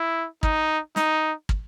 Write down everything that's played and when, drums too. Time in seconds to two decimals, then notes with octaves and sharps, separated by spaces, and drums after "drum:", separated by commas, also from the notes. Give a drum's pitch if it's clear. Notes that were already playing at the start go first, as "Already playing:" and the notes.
Already playing: E4
0.43 D#4, drum: kick
0.96 D#4, drum: snare
1.49 drum: kick